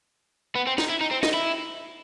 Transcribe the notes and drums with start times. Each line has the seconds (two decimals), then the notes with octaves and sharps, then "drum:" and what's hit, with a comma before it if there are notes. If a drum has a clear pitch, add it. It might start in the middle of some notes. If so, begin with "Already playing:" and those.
0.55 B3
0.67 C4
0.78 D#4, drum: snare
0.89 E4
1.01 D#4
1.11 C4
1.23 D#4, drum: snare
1.34 E4